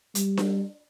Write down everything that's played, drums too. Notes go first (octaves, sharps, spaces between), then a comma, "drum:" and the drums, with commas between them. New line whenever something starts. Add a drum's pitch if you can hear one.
G3, drum: hi-hat
drum: snare D4